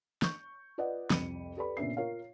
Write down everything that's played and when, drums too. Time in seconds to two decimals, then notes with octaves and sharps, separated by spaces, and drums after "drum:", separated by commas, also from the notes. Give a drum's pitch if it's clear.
0.22 C#6 G6, drum: snare
0.78 F4 B4 D5 D#5 F#5
1.10 C2 F2 B5 C#7 D#7, drum: snare
1.57 G4 A4 B4 D5 B5
1.77 A#2 C#3 B3 D4 E5 C7
1.97 F4 A#4 C#5 F5